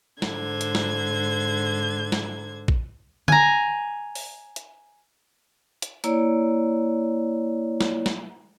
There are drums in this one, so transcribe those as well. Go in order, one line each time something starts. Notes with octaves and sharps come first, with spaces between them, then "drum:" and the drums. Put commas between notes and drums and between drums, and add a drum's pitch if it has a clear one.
G#2 D3 C5 G#6, drum: snare
drum: hi-hat
drum: snare
drum: snare
drum: kick A#1
G#5 A#5, drum: tom D3
drum: open hi-hat
drum: hi-hat
drum: hi-hat
A#3 E4 C#5 D5, drum: hi-hat
drum: snare
drum: snare